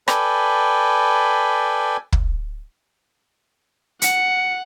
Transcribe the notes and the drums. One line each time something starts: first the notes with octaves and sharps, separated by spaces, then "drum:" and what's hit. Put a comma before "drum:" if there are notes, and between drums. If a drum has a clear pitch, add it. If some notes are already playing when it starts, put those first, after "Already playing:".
A4 B4 D5 G5 G#5 B5, drum: rim click
drum: kick
F#5 C#7, drum: hi-hat